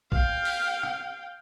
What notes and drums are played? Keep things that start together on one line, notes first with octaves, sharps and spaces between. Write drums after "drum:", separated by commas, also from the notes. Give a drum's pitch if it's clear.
F5 G5, drum: kick
drum: open hi-hat
drum: rim click